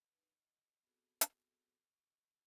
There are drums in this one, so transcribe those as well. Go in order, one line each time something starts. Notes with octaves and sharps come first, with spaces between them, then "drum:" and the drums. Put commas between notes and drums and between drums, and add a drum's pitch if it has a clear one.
D#4 B4
D#5
B3 C4 F#4 G#4 A4
drum: hi-hat
C#6